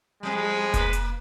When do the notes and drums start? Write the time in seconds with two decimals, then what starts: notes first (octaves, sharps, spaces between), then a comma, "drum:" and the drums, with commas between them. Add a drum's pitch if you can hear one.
0.23 F2 G3 G#3
0.74 A#3 B4, drum: kick F1, hi-hat
0.93 drum: hi-hat